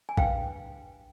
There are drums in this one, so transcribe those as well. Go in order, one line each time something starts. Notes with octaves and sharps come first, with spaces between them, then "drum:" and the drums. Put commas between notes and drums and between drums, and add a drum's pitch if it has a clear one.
G#5
D4 G4 B4 F5 G5, drum: kick A#1